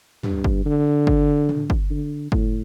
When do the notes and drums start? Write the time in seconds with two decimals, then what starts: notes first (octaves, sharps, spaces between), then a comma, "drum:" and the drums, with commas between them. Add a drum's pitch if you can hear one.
0.24 G2, drum: tom
0.44 drum: kick
0.66 D3
1.07 drum: kick
1.49 drum: tom
1.70 drum: kick
1.90 D3
2.32 A2, drum: kick